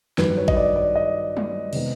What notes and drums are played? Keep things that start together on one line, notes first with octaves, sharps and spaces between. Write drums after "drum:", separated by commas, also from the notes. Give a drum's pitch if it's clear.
G2 D#3 F#3 B4, drum: snare
C#5
D#5, drum: kick A1
D5
D5
D#5
drum: tom F#3
C3 D#3 G#3 B3, drum: cymbal